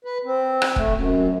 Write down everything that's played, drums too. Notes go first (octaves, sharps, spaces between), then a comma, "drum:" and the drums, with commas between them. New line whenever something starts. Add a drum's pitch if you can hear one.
B4
C4
drum: rim click
A3, drum: kick
F#2